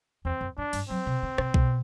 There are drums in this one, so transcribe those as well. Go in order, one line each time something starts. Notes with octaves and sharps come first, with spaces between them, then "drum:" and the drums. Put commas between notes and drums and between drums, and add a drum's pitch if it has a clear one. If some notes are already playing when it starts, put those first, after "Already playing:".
E2 C4
F#2
G2 D4
G2, drum: cymbal
F#3 C4
C3
D3
C3, drum: rim click
B2, drum: kick B1